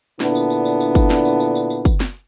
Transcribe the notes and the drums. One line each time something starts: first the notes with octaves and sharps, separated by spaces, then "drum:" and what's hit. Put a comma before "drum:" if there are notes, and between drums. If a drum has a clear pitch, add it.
A#2 D3 B3 D4 E4, drum: snare
drum: tambourine
drum: tambourine
drum: tambourine
drum: tambourine
drum: kick, tambourine
drum: snare
drum: tambourine
drum: tambourine
drum: tambourine
drum: tambourine
drum: kick, tambourine
drum: snare